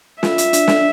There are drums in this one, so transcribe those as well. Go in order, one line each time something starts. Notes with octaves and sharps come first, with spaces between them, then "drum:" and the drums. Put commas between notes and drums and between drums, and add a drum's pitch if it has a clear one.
F4 E5, drum: snare
drum: hi-hat
D4, drum: hi-hat
drum: snare